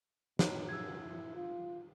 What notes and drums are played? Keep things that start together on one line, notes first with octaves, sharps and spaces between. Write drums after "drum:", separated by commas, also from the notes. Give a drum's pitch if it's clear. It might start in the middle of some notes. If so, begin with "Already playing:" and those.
B2 C#5 A#5, drum: snare
F#2 E6 G#6
E4
F4